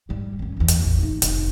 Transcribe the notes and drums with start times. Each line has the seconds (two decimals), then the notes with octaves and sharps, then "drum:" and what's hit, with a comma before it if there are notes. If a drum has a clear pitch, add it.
0.09 G#2 G3
0.39 D#2 C#4
0.57 F#1 E2
0.68 drum: hi-hat
0.83 A1
0.99 A3 D#4
1.22 F1 D#4, drum: hi-hat